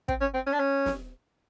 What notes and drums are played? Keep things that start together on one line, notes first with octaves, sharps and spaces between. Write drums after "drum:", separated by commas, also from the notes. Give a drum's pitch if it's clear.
C4, drum: kick
C#4
C4
C#4
D4
C#4
drum: snare